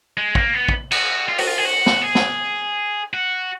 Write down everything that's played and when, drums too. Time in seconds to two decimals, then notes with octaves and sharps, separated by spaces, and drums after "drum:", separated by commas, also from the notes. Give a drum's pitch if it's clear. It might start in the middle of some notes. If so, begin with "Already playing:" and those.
0.17 G#3
0.35 A#3, drum: kick
0.54 B3
0.68 drum: kick
0.92 F#4, drum: cymbal
1.29 F4
1.38 F#4, drum: open hi-hat
1.47 F4
1.58 G#4
1.65 F#4
1.86 drum: snare
2.02 G#4
2.15 drum: snare
3.14 F#4